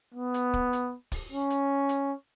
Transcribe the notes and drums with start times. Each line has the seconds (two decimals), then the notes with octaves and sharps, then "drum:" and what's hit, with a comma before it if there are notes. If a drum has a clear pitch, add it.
0.14 B3
0.34 drum: hi-hat
0.54 drum: kick
0.73 drum: hi-hat
1.12 drum: kick, open hi-hat
1.32 C#4
1.50 drum: hi-hat
1.89 drum: hi-hat